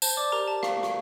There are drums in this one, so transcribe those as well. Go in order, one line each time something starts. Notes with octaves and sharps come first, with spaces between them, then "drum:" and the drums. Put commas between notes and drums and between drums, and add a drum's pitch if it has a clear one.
C5 A5, drum: tambourine
D5 D6
G4 A#4 A#5
A5
F5, drum: rim click
drum: rim click